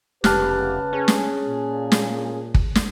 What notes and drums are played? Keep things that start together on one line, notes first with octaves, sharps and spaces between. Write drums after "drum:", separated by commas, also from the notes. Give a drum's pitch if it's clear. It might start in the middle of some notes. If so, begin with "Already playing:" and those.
F1 C#3 G4 B4 A5 F6 F#6, drum: snare
C#4 G#4
drum: snare
A#2
drum: snare
drum: kick
drum: snare